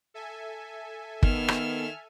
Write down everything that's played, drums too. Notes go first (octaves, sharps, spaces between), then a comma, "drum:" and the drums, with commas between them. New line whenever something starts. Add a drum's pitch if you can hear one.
A4 E5 G#5
D#3 B3 F6 E7, drum: kick
drum: rim click